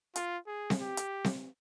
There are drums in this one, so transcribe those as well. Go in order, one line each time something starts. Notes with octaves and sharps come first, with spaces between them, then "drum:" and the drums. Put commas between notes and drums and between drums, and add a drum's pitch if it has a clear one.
F4, drum: hi-hat
G#4
drum: snare C4
G4
drum: hi-hat
drum: snare C4